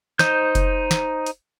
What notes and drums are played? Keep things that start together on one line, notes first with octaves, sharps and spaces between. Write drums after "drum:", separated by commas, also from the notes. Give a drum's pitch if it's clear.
D#4 C5 G6, drum: snare
drum: kick F1, hi-hat
drum: snare
drum: hi-hat